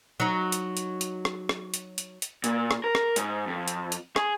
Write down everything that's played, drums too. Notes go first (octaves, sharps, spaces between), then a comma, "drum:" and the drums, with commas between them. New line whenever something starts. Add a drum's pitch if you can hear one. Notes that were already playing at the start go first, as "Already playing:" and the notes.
F#3 D#4
drum: hi-hat
drum: hi-hat
drum: hi-hat
drum: rim click
drum: rim click
drum: hi-hat
drum: hi-hat
drum: hi-hat
A#2, drum: hi-hat
drum: rim click
A#4
drum: rim click
G#2, drum: hi-hat
F2
drum: hi-hat
drum: hi-hat
G#4, drum: rim click